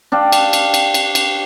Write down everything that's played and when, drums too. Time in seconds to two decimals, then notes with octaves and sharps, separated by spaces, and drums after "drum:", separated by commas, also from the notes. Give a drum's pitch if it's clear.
0.12 D4 G4 F5 G5
0.32 drum: cymbal
0.53 drum: cymbal
0.74 drum: cymbal
0.94 drum: cymbal
1.15 drum: cymbal